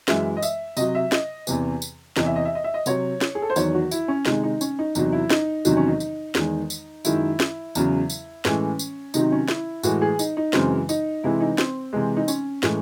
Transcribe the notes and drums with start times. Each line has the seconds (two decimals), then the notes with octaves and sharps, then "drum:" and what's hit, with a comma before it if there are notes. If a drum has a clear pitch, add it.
0.08 F#2 E3 G#3 E5, drum: snare
0.37 D#5
0.42 E5, drum: tambourine
0.77 C3 F#3 D#5, drum: tambourine
0.95 E5
1.12 D#5, drum: snare
1.47 E2 C3 E3, drum: tambourine
1.82 drum: tambourine
2.17 E2 C3 E3 D#5, drum: snare
2.26 E5
2.36 D#5
2.45 E5
2.55 D#5
2.64 E5
2.74 D#5
2.86 C3 F#3 C#5, drum: tambourine
3.21 drum: snare
3.35 G#4
3.42 A4
3.50 C5
3.56 E2 D#3 F#3 C#5, drum: tambourine
3.74 F#4
3.91 E4, drum: tambourine
4.08 C#4
4.26 C3 D#3 G#3 D#4, drum: snare
4.43 D#4
4.61 C#4, drum: tambourine
4.79 D#4
4.95 E2 C3 F#3 D#4, drum: tambourine
5.13 E4
5.30 D#4, drum: snare
5.65 E2 C3 D#3 F#3 D#4, drum: tambourine
5.77 C#4
5.88 D#4
6.00 drum: tambourine
6.35 E2 D#3 G#3, drum: snare
6.70 drum: tambourine
7.05 F#2 D#3 G#3 E4, drum: tambourine
7.40 drum: snare
7.75 E2 C#3 F#3, drum: tambourine
8.10 drum: tambourine
8.45 A2 E3 G#3 C#4, drum: snare
8.79 drum: tambourine
9.14 C3 D#3 F#3 D#4, drum: tambourine
9.32 C#4
9.48 E4, drum: snare
9.83 A2 E3 G#3 F#4, drum: tambourine
10.02 G#4
10.19 D#4, drum: tambourine
10.37 D#4
10.53 F#2 C#3 E3 G#3 C4, drum: snare
10.89 D#4, drum: tambourine
11.24 C3 E3 G#3 E4
11.40 D#4
11.58 C4, drum: snare
11.93 C3 E3 G#3
12.17 D#4
12.28 C#4, drum: tambourine
12.63 A2 E3 G#3, drum: snare